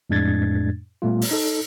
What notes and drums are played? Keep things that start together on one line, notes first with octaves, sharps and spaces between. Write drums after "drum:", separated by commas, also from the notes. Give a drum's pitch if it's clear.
F2 A2 G#3 D4 G#6 A6
A#2 G3 A3 B3 F4
drum: open hi-hat
D#4 A4